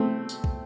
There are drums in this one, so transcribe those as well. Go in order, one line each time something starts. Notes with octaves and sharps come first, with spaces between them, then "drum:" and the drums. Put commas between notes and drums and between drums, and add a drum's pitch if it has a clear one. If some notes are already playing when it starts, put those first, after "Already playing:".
Already playing: A3 C4
drum: tambourine
drum: kick